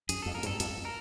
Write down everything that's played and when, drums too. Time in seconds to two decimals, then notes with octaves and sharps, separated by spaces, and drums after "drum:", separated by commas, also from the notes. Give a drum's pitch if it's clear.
0.09 F#2 G#4, drum: hi-hat
0.22 F2 A4
0.35 A#4
0.43 G2, drum: hi-hat
0.47 A4
0.60 F2 A4, drum: hi-hat
0.85 A#4